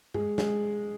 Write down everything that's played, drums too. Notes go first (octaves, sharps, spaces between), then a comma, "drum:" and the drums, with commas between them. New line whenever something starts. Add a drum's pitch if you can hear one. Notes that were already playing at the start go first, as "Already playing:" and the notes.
G#3 G#4, drum: tom G2
G#3 G#4, drum: snare